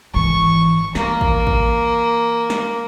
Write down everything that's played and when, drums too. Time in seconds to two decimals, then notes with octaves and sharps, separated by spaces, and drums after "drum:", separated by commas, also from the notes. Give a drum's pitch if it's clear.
0.14 G#1 E3 C#6
0.95 E3 A#3, drum: snare
1.21 drum: kick A1
1.47 drum: kick A1
2.50 drum: snare